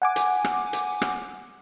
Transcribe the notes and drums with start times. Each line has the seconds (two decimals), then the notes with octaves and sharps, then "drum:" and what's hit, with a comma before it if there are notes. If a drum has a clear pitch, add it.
0.02 F#5 G#5 D6
0.16 drum: hi-hat
0.44 drum: rim click
0.73 drum: hi-hat
1.02 drum: rim click